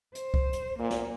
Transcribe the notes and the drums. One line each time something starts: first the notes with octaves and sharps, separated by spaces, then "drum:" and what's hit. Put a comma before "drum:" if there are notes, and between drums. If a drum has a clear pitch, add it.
C5, drum: hi-hat
drum: kick C2
drum: hi-hat
A#2 A#3
drum: snare